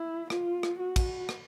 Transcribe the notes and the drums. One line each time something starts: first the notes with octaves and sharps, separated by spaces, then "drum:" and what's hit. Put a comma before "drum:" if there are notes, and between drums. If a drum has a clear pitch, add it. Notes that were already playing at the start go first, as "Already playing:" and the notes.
Already playing: E4
F4, drum: rim click
drum: rim click
F#4
drum: kick, cymbal
drum: rim click